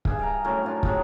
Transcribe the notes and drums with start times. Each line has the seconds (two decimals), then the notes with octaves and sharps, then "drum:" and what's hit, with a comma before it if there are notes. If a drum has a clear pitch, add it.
0.05 G2 G#4 E5, drum: kick
0.19 F5 G5 A#5
0.44 F#2 A2 C#4 A#4
0.63 C4 D4 F4
0.83 D#3 F#3 G#3, drum: kick